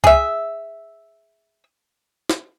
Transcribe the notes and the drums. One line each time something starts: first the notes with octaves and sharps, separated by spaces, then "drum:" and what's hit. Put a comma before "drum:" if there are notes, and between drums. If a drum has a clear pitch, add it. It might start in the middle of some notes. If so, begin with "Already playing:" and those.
G#4 E5, drum: kick
drum: snare